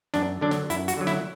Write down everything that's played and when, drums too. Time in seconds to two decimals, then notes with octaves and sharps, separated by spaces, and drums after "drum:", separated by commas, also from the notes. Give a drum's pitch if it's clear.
0.14 F#2 D4, drum: snare
0.41 D3 F#3 D4
0.51 drum: snare
0.70 F#2 E4, drum: hi-hat
0.88 F#4, drum: hi-hat
0.97 D3 F#3
1.07 E4, drum: snare